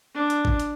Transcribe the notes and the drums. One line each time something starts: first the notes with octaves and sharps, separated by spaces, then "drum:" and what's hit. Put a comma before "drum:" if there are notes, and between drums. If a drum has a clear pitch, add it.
D4
drum: hi-hat
drum: kick
drum: hi-hat